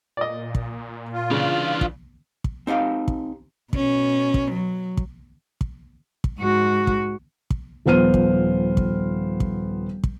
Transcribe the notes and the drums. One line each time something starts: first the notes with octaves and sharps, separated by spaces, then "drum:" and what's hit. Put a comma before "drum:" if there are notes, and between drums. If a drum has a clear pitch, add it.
A#2 D5 D#5
drum: kick
F4
C#3 E3 D4
drum: kick
drum: kick
C4 D#4 G4 F5
drum: kick
B2 C#4, drum: kick
drum: kick
F#3
drum: kick
drum: kick
drum: kick
G#2 F#4
drum: kick
drum: kick
D#1 F3 B3 C5 F6 D#7
drum: kick
drum: kick
drum: kick
drum: kick